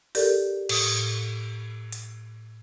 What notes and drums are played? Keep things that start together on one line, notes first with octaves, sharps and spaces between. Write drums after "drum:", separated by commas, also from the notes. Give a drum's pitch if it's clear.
G4 A4 A#4 D5, drum: open hi-hat
A2 D#6, drum: cymbal
drum: hi-hat